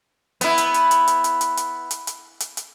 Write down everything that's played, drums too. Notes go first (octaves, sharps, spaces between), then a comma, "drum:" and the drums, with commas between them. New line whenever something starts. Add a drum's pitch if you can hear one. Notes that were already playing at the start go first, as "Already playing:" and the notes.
B3 E4, drum: hi-hat
drum: hi-hat
drum: hi-hat
drum: hi-hat
drum: hi-hat
drum: hi-hat
drum: hi-hat
drum: hi-hat
drum: hi-hat
drum: hi-hat
drum: hi-hat
drum: hi-hat